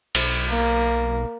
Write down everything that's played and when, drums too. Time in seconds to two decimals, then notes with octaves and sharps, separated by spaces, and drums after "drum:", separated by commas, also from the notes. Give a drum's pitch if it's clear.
0.15 B1, drum: cymbal
0.49 A#3